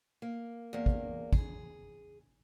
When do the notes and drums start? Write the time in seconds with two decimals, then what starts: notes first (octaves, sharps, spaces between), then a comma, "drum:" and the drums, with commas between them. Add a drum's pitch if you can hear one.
0.22 A#3
0.73 E2 A#3
0.86 drum: kick
1.33 G#4, drum: kick